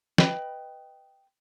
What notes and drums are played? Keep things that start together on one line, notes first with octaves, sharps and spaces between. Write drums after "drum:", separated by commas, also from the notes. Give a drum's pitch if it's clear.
B4 D#5 G5 B5, drum: snare